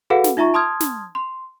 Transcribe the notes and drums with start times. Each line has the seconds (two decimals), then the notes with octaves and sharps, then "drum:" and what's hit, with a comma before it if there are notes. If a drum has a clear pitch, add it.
0.10 F#4 G#4 A4 B4 F5 F#5
0.24 drum: snare
0.37 D#4 F4 E5 A#5 C#6
0.54 A5 C6 D#6 F6 G#6
0.80 drum: snare
1.15 C6